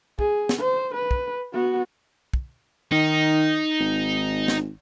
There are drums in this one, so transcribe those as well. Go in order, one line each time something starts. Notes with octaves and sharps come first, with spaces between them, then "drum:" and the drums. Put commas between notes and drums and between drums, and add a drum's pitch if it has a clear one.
G#4, drum: kick
drum: snare
C5
B4
drum: kick
B3 F#4
drum: kick
D#3 D#4
G#1
drum: snare